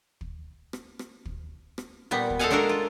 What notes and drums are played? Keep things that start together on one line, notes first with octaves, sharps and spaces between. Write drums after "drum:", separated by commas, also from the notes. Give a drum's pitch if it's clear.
drum: kick
drum: rim click
drum: rim click
drum: kick
drum: rim click
A#2 G3 B3
drum: kick
A4 C5 D#5 F5 F#5 G#5
G#3 D4 F#4 A4 A#4
F4